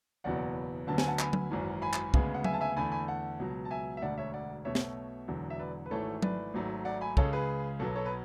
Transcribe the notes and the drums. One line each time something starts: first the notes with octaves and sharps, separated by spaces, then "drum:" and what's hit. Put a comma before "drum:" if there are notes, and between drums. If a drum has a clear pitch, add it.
F#1 E2 B2 F#3 B3 D5 F#5
D2 D3 F#3 B3 A5
G#5, drum: snare
F#5 A5
G#5 B5, drum: clap
drum: tom F#3
G#1 F#2 E3
G#5 B5
drum: clap
D2 C#3 G#3 B3, drum: kick
F#5
E5 G#5, drum: tom F#3
A5
E5 G#5
E2 D3 A3 G#5 B5
G#5 B5
F#5 A5
C#2 B2 F#3
A5
E5 G#5
E5
E1 D2 D3 A3 D5 F#5
C#5 E5
D5 F#5
B1 B2 A3 C#5 E5
drum: snare
E1 E2 D3 F#3
E5
B4 D5
B4
G#1 G#2 E3 A3 A4 C#5
B4 D5, drum: tom F#3
G#1 G#2 F#3 A3
D5 F#5
G#5 B5
C#2 C#3 G#3 A4 C#5, drum: kick
G#4 B4
B1 B2 F#3 B3 A4
A4 C#5
B4